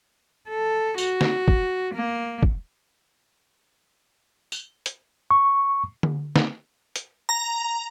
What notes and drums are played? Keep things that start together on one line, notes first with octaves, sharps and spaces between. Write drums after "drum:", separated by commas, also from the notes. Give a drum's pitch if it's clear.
A4
F#4, drum: tambourine
drum: snare
drum: kick
A#3
drum: kick
drum: tambourine
drum: hi-hat
C#6
drum: tom D3
drum: snare
drum: hi-hat
A#5